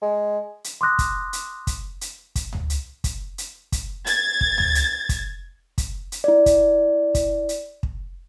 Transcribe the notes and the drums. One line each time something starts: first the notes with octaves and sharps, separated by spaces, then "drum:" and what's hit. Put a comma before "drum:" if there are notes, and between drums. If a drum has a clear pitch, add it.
G#3
drum: hi-hat
C6 D6 D#6 F#6 A#6
drum: kick, hi-hat
drum: hi-hat
drum: kick, hi-hat
drum: hi-hat
drum: kick, hi-hat
drum: tom
drum: hi-hat
drum: kick, hi-hat
drum: hi-hat
drum: kick, hi-hat
G#6 A6, drum: hi-hat
drum: kick
drum: tom
drum: hi-hat
drum: kick, hi-hat
drum: kick, hi-hat
drum: hi-hat
E4 D5
drum: kick, hi-hat
drum: kick, hi-hat
drum: hi-hat
drum: kick